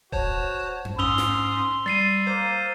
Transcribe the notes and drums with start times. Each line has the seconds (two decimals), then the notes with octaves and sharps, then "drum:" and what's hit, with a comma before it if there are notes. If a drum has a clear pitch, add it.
0.12 F#4 C5 C#5 A5, drum: kick D#1
0.85 drum: tom F2
0.99 G#2 C#4 C6 D#6 E6 F7 G7
1.18 drum: snare
1.86 G3 A6 C7 D#7
2.27 A#3 C5